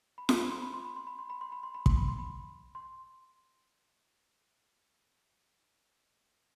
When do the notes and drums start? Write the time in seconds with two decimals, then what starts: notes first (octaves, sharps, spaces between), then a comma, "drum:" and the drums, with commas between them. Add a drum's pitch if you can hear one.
0.18 B5
0.29 C6, drum: snare
0.39 B5
0.51 C6
0.62 B5
0.74 C6
0.85 B5
0.96 C6
1.07 B5
1.18 C6
1.30 B5
1.41 C6
1.52 B5
1.63 C6
1.74 B5
1.86 C6, drum: kick
1.97 B5
2.08 C6
2.19 B5
2.75 C6